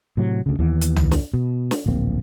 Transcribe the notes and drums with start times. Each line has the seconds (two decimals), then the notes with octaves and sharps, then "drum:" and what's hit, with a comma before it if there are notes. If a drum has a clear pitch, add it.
0.17 A2 C3 F#3
0.46 D2 C#3
0.59 D#2 E3 B3
0.81 drum: hi-hat
0.96 drum: tom C2
1.11 drum: snare
1.34 B2
1.71 drum: snare
1.86 D1 A#1 A#3 C4